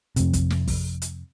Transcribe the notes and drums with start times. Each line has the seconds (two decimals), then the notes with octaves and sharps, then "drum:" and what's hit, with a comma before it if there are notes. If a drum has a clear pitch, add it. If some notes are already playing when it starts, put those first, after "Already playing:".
0.16 F2 C3, drum: hi-hat
0.33 drum: kick, hi-hat
0.50 drum: snare
0.67 drum: kick, open hi-hat
1.02 drum: hi-hat